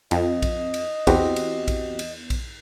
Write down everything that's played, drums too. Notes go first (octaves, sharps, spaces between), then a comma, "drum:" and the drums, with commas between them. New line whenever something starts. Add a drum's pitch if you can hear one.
F2 D#5, drum: cymbal
drum: kick A#1, cymbal
drum: cymbal
E2 C4 F#4 G4, drum: kick A#1, cymbal
drum: cymbal
drum: kick A#1, cymbal
drum: cymbal
drum: kick A#1, cymbal